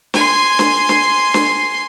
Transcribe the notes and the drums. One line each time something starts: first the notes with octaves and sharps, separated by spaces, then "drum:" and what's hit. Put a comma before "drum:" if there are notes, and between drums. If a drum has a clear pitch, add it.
G#5 C6, drum: snare
drum: snare
drum: snare
drum: snare